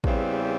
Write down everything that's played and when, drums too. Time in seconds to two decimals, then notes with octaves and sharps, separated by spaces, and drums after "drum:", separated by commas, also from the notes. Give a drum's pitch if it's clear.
0.04 E2 C#3 E3 G3 C4, drum: kick A1